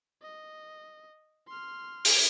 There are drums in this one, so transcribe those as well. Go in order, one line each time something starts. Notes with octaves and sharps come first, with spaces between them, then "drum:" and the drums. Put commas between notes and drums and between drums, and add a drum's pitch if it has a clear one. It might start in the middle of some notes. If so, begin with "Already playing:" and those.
D#5
C6 F6
drum: open hi-hat